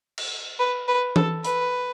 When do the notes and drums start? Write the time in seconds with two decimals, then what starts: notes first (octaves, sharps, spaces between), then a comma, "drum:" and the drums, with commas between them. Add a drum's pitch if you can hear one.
0.18 drum: cymbal
0.59 B4
0.88 B4
1.16 A4, drum: tom E3
1.45 B4, drum: hi-hat